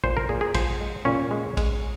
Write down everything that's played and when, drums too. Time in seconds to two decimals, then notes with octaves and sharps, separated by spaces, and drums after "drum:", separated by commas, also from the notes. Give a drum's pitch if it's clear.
0.04 A#2 C5, drum: kick A#1
0.17 A#4
0.29 A#2 G#4
0.41 G#4
0.54 F3 C5, drum: kick A#1, cymbal
0.81 G#3
1.05 A#2 C#4
1.31 G#3
1.57 G#3, drum: kick A#1, cymbal